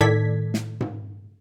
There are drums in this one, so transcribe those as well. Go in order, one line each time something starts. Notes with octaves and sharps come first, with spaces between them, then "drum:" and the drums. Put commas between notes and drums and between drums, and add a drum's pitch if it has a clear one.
A2 D#3 A4 D5 G#6 B6
drum: snare
drum: tom G#2